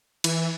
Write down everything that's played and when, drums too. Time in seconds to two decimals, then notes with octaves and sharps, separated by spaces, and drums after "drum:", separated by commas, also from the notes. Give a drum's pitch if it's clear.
0.24 E3, drum: cymbal